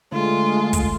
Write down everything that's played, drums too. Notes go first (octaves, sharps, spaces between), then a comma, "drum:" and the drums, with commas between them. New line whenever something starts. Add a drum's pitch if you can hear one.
D3 G#3 A3 F4
drum: kick, hi-hat